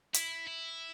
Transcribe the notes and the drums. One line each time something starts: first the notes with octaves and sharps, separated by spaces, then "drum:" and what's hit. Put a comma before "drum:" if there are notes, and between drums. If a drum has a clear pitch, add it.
E4, drum: hi-hat
E4